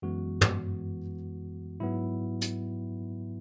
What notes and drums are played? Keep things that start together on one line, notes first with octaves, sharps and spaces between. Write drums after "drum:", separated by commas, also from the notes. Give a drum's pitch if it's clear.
F#2 E3 G#3 B3 F#4
drum: tom
G#2 F#3 B3 E4
drum: hi-hat